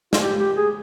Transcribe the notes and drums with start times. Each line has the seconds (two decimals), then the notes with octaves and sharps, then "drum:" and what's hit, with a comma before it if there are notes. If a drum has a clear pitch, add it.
0.13 F4, drum: snare
0.20 G4
0.38 G4
0.56 G#4